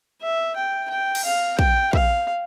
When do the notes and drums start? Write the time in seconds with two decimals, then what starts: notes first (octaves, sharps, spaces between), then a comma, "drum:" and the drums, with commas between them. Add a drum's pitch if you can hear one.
0.22 E5
0.56 G5
0.90 G5
1.15 drum: cymbal
1.25 F5
1.59 G5, drum: kick
1.93 F5, drum: kick